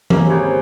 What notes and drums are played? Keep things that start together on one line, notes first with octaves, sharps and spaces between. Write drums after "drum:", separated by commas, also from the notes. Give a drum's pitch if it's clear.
C#3 A#3, drum: tom E3
G#1 C3
C#3